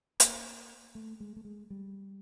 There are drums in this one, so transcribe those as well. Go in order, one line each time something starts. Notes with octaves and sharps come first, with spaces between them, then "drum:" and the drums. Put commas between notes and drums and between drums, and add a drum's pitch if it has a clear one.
A#3, drum: hi-hat
A3
G#3
A3
G#3
G3